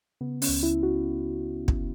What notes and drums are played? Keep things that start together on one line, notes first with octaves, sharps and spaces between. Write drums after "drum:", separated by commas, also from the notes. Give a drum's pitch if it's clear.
C#3 B3
C#4, drum: open hi-hat
C#2
E4
C#2
F#4
drum: kick